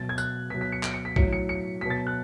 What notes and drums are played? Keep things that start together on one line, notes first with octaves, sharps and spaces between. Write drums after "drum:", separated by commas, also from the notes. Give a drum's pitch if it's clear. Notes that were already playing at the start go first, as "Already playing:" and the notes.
Already playing: B2 F#3 A6
G#6
F#6, drum: tambourine
B2 F#3 B6
B6
C#7
D7, drum: clap
C#7
B6
A2 F#3 C#7, drum: kick
C#7
C#7
B2 F#3 B6
A6
F#6